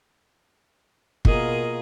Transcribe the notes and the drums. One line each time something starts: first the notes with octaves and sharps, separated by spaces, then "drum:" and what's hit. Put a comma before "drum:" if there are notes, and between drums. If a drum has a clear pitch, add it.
B2 A#3 F4 G#4 A#4 D#5, drum: kick